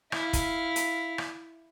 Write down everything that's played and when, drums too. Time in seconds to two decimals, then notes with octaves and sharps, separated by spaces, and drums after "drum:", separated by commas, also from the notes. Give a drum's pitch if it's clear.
0.12 E4 F5, drum: rim click
0.33 drum: kick, hi-hat
0.76 drum: hi-hat
1.18 drum: rim click